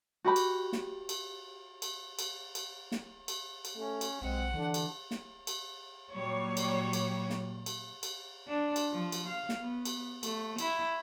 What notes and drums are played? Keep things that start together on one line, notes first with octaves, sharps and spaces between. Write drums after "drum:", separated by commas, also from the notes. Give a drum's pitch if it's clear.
F#4 G4 B5
drum: cymbal
drum: snare
drum: cymbal
drum: cymbal
drum: cymbal
drum: cymbal
drum: snare
drum: cymbal
drum: cymbal
A3 C#4
drum: cymbal
B1 G#3 C4 F#5
D3 E3 D4
drum: cymbal
drum: snare
drum: cymbal
A#2 F#3 G3 C#5
drum: cymbal
drum: cymbal
drum: snare
drum: cymbal
drum: cymbal
D4
drum: cymbal
F3
drum: cymbal
F5
drum: snare
B3
drum: cymbal
A3, drum: cymbal
E4, drum: cymbal